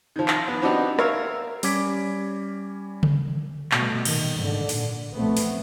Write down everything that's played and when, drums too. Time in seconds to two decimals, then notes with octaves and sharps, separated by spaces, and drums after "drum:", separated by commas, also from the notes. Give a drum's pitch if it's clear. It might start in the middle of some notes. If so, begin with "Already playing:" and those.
0.16 D#3 F3
0.28 drum: clap
0.48 B3
0.62 B3 C4 D4 D#4 F#4 G4
0.99 A#4 C#5 E5 F5, drum: rim click
1.63 G3 C#4 D6 G#6 B6 D7, drum: open hi-hat
3.03 drum: tom C#3
3.72 B2 G3 A3, drum: clap
4.05 A#2 D#3, drum: cymbal
4.35 G#2 D3
4.69 A#2, drum: open hi-hat
5.14 B1 F3 A3 B3 C4
5.37 drum: open hi-hat